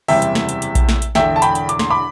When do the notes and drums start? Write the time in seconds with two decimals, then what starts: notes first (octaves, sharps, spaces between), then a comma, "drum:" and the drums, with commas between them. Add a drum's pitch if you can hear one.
0.08 F#1 E2 C3 G3 E5 G5, drum: open hi-hat
0.22 drum: hi-hat
0.35 drum: snare
0.49 drum: hi-hat
0.62 drum: hi-hat
0.75 drum: kick A#1, hi-hat
0.89 drum: snare
1.02 drum: hi-hat
1.15 E1 E2 D3 E5 G5, drum: snare
1.36 A5
1.42 G5 B5, drum: hi-hat
1.55 drum: hi-hat
1.69 D6, drum: hi-hat
1.79 C6, drum: snare
1.90 B5 D6